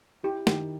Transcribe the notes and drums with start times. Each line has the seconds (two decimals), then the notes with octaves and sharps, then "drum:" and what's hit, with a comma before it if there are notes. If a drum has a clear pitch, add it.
0.23 E4 G4
0.47 D#3 G4, drum: snare